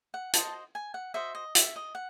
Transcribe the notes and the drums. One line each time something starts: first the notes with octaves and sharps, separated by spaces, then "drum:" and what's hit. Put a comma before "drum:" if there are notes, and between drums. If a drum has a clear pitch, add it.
F#5
F#4 C5 D#5 A5, drum: hi-hat
G#5
F#5
F#4 C5 D#5 E5
D#5
E5, drum: hi-hat
D#5
F#5